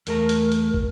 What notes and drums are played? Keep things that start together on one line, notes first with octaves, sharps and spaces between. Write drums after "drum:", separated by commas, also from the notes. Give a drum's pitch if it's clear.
E2 A3 A#4 A#5, drum: hi-hat
drum: hi-hat
drum: hi-hat
drum: kick